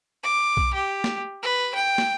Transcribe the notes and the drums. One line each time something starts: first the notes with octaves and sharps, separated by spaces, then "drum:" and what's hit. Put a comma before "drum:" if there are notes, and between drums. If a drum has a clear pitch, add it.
D6
drum: kick B1
G4
drum: snare
B4
G5
drum: snare